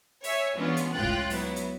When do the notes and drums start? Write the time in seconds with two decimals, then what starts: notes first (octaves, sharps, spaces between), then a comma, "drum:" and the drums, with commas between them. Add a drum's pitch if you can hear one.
0.24 C#5 E5 G#5, drum: open hi-hat
0.55 E3 G#3 B3 C#4 D4 F4
0.77 drum: hi-hat
0.94 C#2 A2 F4 G5 F#6 A6
1.03 drum: kick
1.30 F#3 B3 E4, drum: open hi-hat
1.56 drum: hi-hat